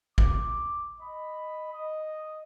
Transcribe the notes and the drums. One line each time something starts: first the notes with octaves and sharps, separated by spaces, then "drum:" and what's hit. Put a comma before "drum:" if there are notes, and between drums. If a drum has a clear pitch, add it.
D6, drum: kick
D#5 B5
D#5